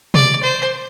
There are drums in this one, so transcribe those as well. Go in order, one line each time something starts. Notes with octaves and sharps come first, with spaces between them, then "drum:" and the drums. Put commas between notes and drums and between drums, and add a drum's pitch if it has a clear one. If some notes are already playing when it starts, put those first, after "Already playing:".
D5, drum: tom B2
C5